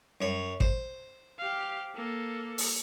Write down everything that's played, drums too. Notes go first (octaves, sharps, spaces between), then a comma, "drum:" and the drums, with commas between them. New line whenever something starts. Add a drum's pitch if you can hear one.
F#2 C#5
C5, drum: kick
G4 F5
A#3 A4
drum: open hi-hat